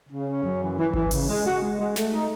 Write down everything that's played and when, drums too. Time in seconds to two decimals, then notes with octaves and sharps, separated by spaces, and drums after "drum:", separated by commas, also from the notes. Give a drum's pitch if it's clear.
0.09 C#3
0.26 C#4
0.43 F#2
0.60 E3
0.77 E3
0.93 E3, drum: kick G#1
1.11 C#3, drum: open hi-hat
1.28 G#3
1.45 F#4
1.62 G#3
1.78 G#3
1.96 A3, drum: snare
2.12 D#4